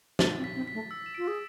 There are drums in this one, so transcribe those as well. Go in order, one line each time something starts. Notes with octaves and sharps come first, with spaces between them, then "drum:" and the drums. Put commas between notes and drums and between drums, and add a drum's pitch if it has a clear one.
A3 A6, drum: snare
C4
B6
C4
B6
A3
E6
E7
F4 D7
G#4